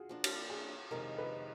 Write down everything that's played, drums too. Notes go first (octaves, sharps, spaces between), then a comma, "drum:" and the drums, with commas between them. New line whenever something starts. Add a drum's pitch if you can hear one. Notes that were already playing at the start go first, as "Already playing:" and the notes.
Already playing: F4 F#4 G#4
F3 A#3 D4
drum: cymbal
G#4
F2 C3 D#3 G#3 A#4
B4